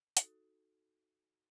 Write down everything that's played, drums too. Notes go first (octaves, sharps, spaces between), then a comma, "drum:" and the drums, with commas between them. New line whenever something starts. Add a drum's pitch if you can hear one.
D#4 F#4 A4, drum: hi-hat